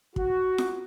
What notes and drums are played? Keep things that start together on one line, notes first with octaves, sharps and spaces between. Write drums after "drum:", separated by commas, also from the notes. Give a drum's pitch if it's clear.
F#4, drum: kick
drum: snare F4